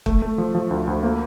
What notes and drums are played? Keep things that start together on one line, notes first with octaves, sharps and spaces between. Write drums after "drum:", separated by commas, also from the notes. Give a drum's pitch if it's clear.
A3, drum: kick
A3
F3
F3
D2
D2
A#3